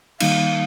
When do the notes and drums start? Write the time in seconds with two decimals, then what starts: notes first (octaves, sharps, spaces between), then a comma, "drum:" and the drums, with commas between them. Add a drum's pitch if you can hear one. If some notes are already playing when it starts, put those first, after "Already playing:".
0.20 D#3 G3 A#3 D#4 F5, drum: cymbal